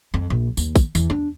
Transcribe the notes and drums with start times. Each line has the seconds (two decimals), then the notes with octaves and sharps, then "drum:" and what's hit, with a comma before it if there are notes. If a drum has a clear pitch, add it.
0.14 F2
0.30 A#1
0.57 D#2, drum: tambourine
0.76 drum: kick, tambourine
0.95 E2, drum: tambourine
1.10 D4